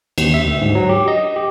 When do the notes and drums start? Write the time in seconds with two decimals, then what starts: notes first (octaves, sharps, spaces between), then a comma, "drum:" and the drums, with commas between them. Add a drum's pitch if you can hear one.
0.18 D#2, drum: cymbal
0.34 E5
0.46 D2
0.61 G#2
0.75 F#3
0.89 G4
1.08 D#5
1.36 G4